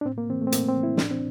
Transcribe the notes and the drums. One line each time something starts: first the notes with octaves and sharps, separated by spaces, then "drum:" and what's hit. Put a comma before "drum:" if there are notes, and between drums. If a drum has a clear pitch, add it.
D4
A2 C4
A#3
E3 C4
A3
C4
A2 A#3, drum: hi-hat
C4
E3
E4
A2 D4, drum: snare
C4